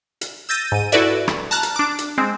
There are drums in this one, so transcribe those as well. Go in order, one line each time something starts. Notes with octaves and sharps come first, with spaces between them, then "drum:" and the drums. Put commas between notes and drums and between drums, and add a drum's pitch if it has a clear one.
drum: hi-hat
E6 G6 A6 A#6 D#7
G#2 D#7
E4 F#4 A4 B4 D5 E5, drum: hi-hat
drum: rim click
A5 A#5 F6 F#6
drum: hi-hat
D4 D6
drum: hi-hat
G#3 C4